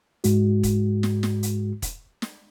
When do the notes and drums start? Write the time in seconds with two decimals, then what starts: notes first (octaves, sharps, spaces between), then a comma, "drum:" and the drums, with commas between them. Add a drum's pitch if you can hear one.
0.24 G#2 G#3 F#4, drum: hi-hat
0.63 drum: kick E1, hi-hat
1.03 drum: snare
1.23 drum: snare
1.43 drum: hi-hat
1.82 drum: kick E1, hi-hat
2.22 drum: snare